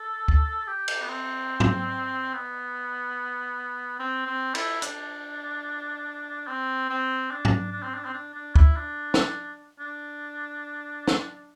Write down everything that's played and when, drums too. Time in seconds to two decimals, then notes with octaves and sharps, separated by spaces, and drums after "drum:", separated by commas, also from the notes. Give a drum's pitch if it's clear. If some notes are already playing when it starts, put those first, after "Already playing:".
Already playing: A4
0.28 drum: kick
0.68 G4
0.88 drum: cymbal
1.03 B3
1.09 C4
1.60 drum: tom G#2
2.34 B3
4.00 C4
4.27 C4
4.55 E4, drum: cymbal
4.82 D4, drum: hi-hat
6.48 C4
6.90 C4
7.31 D4
7.45 drum: tom G#2
7.72 D4
7.83 C4
7.95 D4
8.05 C4
8.14 D4
8.35 D4
8.55 E4, drum: kick
8.76 D4
9.14 drum: snare
9.80 D4
11.08 drum: snare